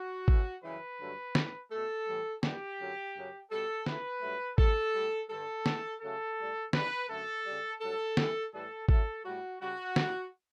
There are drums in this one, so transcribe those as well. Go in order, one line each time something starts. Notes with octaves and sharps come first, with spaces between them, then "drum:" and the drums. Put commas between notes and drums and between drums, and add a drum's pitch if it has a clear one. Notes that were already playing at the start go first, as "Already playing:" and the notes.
Already playing: F#4
A2 E3 A3, drum: kick G#1
F#2 C#3 E3 G3 B4
G2 D3 F#3 A3
A2 E3 G3, drum: snare
B2 A3 A4
A2 E3 G3
F#2 E3 G3 G4, drum: snare
F#2 D3 F#3
F#2 C#3 F#3
B2 G3 A4
C#3 E3 A3 B4, drum: snare
G2 F#3 A3
A2 G3 A4, drum: kick G#1
A2 G3
G2 D3 G3 A4
A2 E3 A3, drum: snare
C#3 F#3 A3 A4
A2 G3
C#3 E3 G3 B4, drum: snare
F#2 D3 A3 A4
C#3 G3
G2 F#3 A3 A4
F#2 E3 G3, drum: snare
A2 E3 G3 A4
A2 F#3 A3 A4, drum: kick G#1
A2 G3 F#4
C#3 G3 F#4
A2 G3, drum: snare